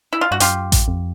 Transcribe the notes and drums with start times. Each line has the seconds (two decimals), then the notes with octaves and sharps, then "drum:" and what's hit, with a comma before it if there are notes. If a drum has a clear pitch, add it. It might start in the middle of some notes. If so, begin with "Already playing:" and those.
0.13 E4
0.21 F4
0.31 G2 F#4
0.40 F#2 F4 G4, drum: hi-hat
0.72 drum: kick A1, hi-hat
0.88 F2